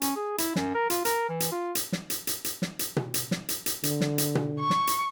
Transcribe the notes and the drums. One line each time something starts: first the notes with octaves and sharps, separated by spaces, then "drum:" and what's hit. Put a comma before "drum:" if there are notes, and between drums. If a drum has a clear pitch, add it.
C#4, drum: hi-hat
G#4
E4, drum: hi-hat
F#2, drum: snare
A#4
F4, drum: hi-hat
A#4, drum: hi-hat
E3
drum: hi-hat
F4
drum: hi-hat
drum: snare
drum: hi-hat
drum: hi-hat
drum: hi-hat
drum: snare
drum: hi-hat
drum: tom B2
drum: hi-hat
drum: snare
drum: hi-hat
drum: hi-hat
D3, drum: hi-hat
drum: snare
drum: hi-hat
drum: tom B2
C#6
drum: snare
drum: hi-hat